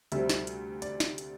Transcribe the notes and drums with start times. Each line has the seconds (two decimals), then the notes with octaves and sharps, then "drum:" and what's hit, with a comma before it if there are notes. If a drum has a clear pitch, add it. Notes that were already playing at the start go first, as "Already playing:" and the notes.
0.12 D2 C3 G3 C4 E5, drum: hi-hat
0.30 drum: snare
0.47 drum: hi-hat
0.82 D5, drum: hi-hat
1.00 drum: snare
1.18 drum: hi-hat